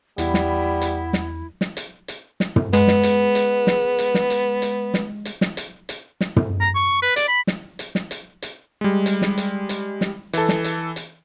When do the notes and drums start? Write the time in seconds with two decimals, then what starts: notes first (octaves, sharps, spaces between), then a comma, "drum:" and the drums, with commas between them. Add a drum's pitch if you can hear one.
0.18 E2 G3 B3 E4, drum: hi-hat
0.34 drum: snare
0.82 drum: hi-hat
1.13 drum: snare
1.61 drum: snare
1.77 drum: hi-hat
2.08 drum: hi-hat
2.40 drum: snare
2.56 drum: tom
2.73 G#3 B3, drum: hi-hat
2.88 drum: snare
3.03 drum: hi-hat
3.35 drum: hi-hat
3.67 drum: snare
3.99 drum: hi-hat
4.14 drum: snare
4.30 drum: hi-hat
4.62 drum: hi-hat
4.94 drum: snare
5.25 drum: hi-hat
5.41 drum: snare
5.57 drum: hi-hat
5.89 drum: hi-hat
6.21 drum: snare
6.36 drum: tom
6.61 A#5
6.75 C#6
7.02 B4
7.16 D5, drum: hi-hat
7.28 B5
7.47 drum: snare
7.79 drum: hi-hat
7.95 drum: snare
8.11 drum: hi-hat
8.42 drum: hi-hat
8.81 G3 G#3
9.06 drum: hi-hat
9.22 drum: snare
9.38 drum: hi-hat
9.69 drum: hi-hat
10.01 drum: snare
10.33 E3 A4, drum: hi-hat
10.49 drum: snare
10.64 drum: hi-hat
10.96 drum: hi-hat